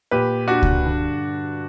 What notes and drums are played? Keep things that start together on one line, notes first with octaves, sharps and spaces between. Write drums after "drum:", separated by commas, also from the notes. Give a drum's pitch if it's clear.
A#2 G4 B4
D4 F#4
drum: kick C#2
G2 D3